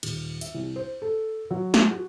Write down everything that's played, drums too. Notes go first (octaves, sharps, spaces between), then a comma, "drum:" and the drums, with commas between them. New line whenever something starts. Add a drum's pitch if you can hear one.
D#1, drum: cymbal
E5, drum: hi-hat
C2
C5
A4
F#3
drum: snare
F#4